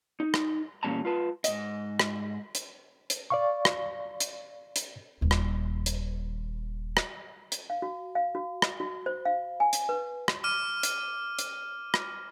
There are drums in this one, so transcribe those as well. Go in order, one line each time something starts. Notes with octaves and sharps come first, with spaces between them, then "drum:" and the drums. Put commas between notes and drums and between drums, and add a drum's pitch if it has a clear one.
D#4
drum: rim click
E2 A#2 G3 C#4 A5 A#5
F4 B4 A5
G#2 D#5, drum: hi-hat
drum: rim click
drum: hi-hat
drum: hi-hat
D5 F5 C#6
drum: rim click
drum: hi-hat
drum: hi-hat
D#1 D#2
drum: rim click
drum: hi-hat
drum: rim click
drum: hi-hat
F5
F#4
F5
F#4
drum: rim click
F#4
C5
F5
G#5
drum: hi-hat
B4
drum: rim click
D6 F6 D#7
drum: hi-hat
drum: hi-hat
drum: rim click